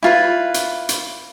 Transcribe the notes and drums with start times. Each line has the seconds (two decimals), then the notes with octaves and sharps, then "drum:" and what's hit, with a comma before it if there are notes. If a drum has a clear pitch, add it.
0.03 E4 F4 B4
0.54 drum: hi-hat
0.89 drum: hi-hat